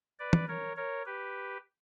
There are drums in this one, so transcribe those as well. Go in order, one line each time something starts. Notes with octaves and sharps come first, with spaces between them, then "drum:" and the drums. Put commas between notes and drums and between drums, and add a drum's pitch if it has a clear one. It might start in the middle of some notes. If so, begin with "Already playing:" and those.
B4 D5
drum: tom
A#4 C#5
A#4 C#5
G4 B4